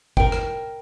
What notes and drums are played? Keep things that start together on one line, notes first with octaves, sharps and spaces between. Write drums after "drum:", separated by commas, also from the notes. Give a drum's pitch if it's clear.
A#4 G5, drum: kick G#1
drum: rim click